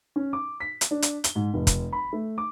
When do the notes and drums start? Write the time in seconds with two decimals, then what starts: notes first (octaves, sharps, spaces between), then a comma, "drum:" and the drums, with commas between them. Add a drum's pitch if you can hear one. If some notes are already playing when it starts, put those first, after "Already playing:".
0.16 C#4
0.33 D6
0.60 B6
0.81 drum: hi-hat
0.91 D4
1.02 drum: hi-hat
1.24 G7, drum: hi-hat
1.36 G#2
1.54 F1
1.67 drum: kick, hi-hat
1.93 B5
2.13 A3
2.38 D6